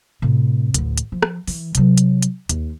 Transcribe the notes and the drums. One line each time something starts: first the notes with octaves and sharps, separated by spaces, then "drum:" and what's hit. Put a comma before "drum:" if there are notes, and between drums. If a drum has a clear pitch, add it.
A2 C3
A1 D2, drum: hi-hat
drum: hi-hat
F3
drum: rim click
E3, drum: open hi-hat
C3 F#3, drum: hi-hat
drum: hi-hat
drum: hi-hat
D#2, drum: hi-hat